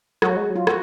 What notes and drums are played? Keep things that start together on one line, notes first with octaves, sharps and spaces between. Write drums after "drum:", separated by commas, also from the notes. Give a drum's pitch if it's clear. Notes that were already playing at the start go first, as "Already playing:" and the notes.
F#3 F#4, drum: rim click
G#3
F#3
F4
F#4, drum: rim click